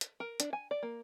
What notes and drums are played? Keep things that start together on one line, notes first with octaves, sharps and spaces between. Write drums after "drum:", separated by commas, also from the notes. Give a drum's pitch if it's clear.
drum: hi-hat
A#4
D4, drum: hi-hat
G#5
D5
A#3